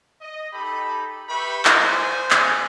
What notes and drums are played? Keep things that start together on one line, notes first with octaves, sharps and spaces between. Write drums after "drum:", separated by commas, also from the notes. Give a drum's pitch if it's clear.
D#5
D#4 G4 A4 B5
G4 B4 E5 G5 B5 C#6
drum: clap
C5 G#5
drum: clap